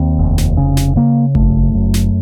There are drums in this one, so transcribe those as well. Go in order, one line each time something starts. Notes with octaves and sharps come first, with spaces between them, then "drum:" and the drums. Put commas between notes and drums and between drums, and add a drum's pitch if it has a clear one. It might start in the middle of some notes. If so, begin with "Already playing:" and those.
Already playing: D#2 C4
F1
drum: snare
C#3
drum: snare
C#3 A#3
F#1 A3, drum: kick G#1
F#2
drum: snare